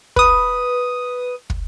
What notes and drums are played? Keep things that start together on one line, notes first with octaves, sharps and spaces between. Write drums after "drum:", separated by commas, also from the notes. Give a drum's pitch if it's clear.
B4 D#6, drum: kick
drum: kick